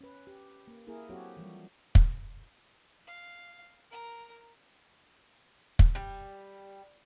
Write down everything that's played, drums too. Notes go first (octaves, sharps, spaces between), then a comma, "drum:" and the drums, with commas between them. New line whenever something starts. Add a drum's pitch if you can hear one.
C#4 B4
G4
A#3
A#3 E4 G#4 A#4
F#3 C4 F#4 G4 A4 C#5
E3 F3 G3
drum: kick
F5
A#4 A#5
drum: kick
G3